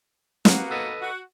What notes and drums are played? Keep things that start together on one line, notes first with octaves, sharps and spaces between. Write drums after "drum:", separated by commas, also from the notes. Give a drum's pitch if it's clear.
A#3 B3 F#4, drum: snare
A4 B4 D#5
F#4